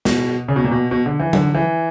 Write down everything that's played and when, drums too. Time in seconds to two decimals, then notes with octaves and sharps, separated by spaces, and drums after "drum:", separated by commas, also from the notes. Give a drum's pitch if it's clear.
0.05 B2, drum: snare
0.48 C#3
0.56 B2
0.64 A#2
0.71 B2
0.91 B2
1.06 D3
1.20 E3
1.33 D3, drum: tom F#3
1.55 E3